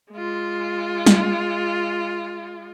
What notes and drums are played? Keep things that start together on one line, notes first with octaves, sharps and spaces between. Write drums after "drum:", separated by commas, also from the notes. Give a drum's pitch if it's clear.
G#3 F4
drum: snare